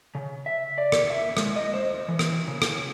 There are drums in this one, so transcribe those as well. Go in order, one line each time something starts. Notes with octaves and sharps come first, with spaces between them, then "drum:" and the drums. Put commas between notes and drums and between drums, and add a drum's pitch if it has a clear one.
C#3
E5
D5
drum: rim click
E5
G#3, drum: rim click
D#5
C5
E3
drum: rim click
C#3
drum: rim click